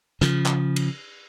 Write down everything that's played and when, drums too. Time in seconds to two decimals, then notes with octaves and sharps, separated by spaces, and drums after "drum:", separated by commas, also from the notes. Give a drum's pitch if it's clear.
0.21 C#3 F3, drum: snare
0.46 drum: clap
0.76 drum: cymbal